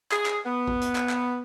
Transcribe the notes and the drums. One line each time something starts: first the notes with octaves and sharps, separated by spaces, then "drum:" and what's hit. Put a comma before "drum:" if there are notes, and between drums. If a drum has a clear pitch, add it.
G#4, drum: clap
drum: clap
B3
drum: kick A1
drum: hi-hat
drum: clap
drum: clap